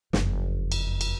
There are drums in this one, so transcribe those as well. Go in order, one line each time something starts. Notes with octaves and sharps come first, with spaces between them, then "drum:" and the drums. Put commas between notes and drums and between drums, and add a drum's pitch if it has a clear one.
F#1 F2, drum: snare
drum: cymbal
drum: cymbal